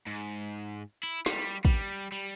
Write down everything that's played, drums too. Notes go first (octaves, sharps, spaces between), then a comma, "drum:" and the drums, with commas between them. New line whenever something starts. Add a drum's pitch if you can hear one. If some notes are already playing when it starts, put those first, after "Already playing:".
G#2
E4
G3, drum: snare
G3, drum: kick
G3